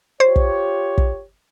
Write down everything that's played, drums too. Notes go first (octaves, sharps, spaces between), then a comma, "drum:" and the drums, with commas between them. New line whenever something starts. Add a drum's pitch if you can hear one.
F4 G4 C5 C#5
drum: kick
drum: kick